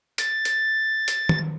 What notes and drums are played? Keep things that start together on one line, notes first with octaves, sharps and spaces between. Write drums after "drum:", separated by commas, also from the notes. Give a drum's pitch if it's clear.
A6, drum: hi-hat
drum: hi-hat
drum: hi-hat
drum: tom D#3